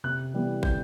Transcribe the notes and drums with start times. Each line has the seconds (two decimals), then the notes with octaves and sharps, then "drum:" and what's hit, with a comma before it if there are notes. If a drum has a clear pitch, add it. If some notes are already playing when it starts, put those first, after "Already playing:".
0.04 C3 F#6
0.33 E3 G3 B3
0.63 C3 G6, drum: kick